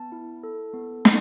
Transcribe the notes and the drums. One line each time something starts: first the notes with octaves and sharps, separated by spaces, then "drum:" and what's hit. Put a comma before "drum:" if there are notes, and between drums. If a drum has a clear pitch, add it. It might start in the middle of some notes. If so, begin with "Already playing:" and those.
Already playing: B3 A5
E4
A4
B3
B3, drum: snare